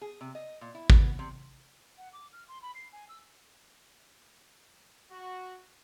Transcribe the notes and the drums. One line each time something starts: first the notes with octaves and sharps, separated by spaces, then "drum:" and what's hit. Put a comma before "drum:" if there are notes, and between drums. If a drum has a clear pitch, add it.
G#4
C3
D#5
A#2
E4
B3, drum: kick G#1
C3
F#5
D6
F6
C6
B5
C7
G#5
E6
F#4